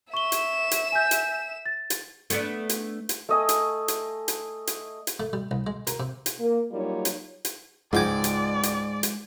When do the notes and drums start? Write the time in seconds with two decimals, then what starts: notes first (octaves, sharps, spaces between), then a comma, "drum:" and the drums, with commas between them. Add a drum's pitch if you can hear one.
0.14 E5 C#6 E7 G7
0.32 drum: hi-hat
0.71 drum: hi-hat
0.92 G#5 G6
1.11 drum: hi-hat
1.66 A6
1.90 drum: hi-hat
2.30 A3 B3 D4, drum: hi-hat
2.69 drum: hi-hat
3.09 drum: hi-hat
3.29 A3 D#5 G#5
3.49 drum: hi-hat
3.88 drum: hi-hat
4.28 drum: hi-hat
4.67 drum: hi-hat
5.07 drum: hi-hat
5.20 A3
5.33 G3
5.51 C2
5.67 G#3
5.87 A#4, drum: hi-hat
6.00 C3
6.26 drum: hi-hat
6.40 A#3
6.72 F#3 G3 A#3 D#4 F4 C#5
7.05 drum: hi-hat
7.45 drum: hi-hat
7.93 C#2 G#2 F3 G#3 D5 G5 D6 G#6
8.24 drum: hi-hat
8.63 drum: hi-hat
9.03 drum: hi-hat